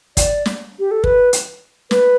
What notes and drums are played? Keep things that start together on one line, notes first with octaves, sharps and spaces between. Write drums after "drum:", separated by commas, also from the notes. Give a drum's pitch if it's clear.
D5, drum: kick, hi-hat
drum: snare
G4
A4
B4, drum: kick
drum: hi-hat
B4, drum: snare